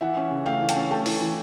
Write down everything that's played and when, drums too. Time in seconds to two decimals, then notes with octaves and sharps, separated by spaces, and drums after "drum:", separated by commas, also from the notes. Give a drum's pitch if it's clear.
0.01 E3 E5 F#5
0.17 C#4
0.31 C#3
0.46 A3 F5 G5
0.61 E3
0.69 G5 A5, drum: hi-hat
0.76 C#4
0.91 A3 G5 A5
1.06 E3, drum: open hi-hat
1.21 E3